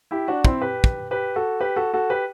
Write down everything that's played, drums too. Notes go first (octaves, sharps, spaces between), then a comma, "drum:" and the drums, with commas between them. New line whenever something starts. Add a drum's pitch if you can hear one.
E4 G4
D4 F#4
C4 E4, drum: kick
G4 B4
drum: kick
G4 B4
F#4 A4
G4 B4
F#4 A4
F#4 A4
G4 B4